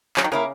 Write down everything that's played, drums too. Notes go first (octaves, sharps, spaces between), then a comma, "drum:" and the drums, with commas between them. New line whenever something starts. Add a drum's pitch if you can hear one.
C#3 F#3, drum: clap
D#3
C#3 A#3 E4 A#4